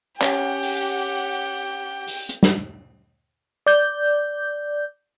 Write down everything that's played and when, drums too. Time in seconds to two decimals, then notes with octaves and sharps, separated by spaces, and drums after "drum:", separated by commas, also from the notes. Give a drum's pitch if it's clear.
0.21 C#4 G4 F#5 G5, drum: clap
0.63 drum: open hi-hat
2.08 drum: open hi-hat
2.29 drum: hi-hat
2.43 drum: snare
3.67 D5 G6